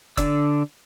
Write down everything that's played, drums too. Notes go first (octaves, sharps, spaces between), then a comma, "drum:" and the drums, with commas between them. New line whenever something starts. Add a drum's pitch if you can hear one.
D3 D4 D5 E6, drum: kick F#1, hi-hat